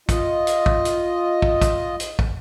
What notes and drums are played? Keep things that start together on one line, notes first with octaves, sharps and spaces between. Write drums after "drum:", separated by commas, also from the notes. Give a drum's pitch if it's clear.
F4 D#5, drum: kick, hi-hat
drum: hi-hat
drum: kick
drum: hi-hat
drum: kick
drum: kick, hi-hat
drum: hi-hat
drum: kick